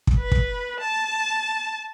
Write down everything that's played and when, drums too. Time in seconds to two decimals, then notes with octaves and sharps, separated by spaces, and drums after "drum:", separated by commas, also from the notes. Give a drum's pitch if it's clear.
0.07 drum: kick
0.18 B4
0.32 drum: kick
0.80 A5